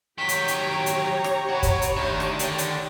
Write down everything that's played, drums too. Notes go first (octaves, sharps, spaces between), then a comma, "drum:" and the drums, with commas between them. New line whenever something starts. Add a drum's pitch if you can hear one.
D#3 F#3 G4 C#5 G5 B6
drum: hi-hat
drum: hi-hat
A#5
drum: hi-hat
drum: rim click
F#4 B4
drum: kick, hi-hat
drum: hi-hat
D2 D#3
drum: rim click
D3, drum: hi-hat
drum: hi-hat